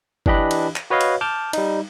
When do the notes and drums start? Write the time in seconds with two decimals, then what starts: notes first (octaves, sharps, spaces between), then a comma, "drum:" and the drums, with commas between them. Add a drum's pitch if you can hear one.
0.26 E3 D4 G4 D#5 B5 F#6, drum: kick G1
0.51 drum: cymbal
0.76 drum: clap
0.90 F#4 B4 C#5 D#5 F5
1.01 drum: cymbal
1.21 A5 D6 F6 G6 A6
1.53 G3 D#4, drum: cymbal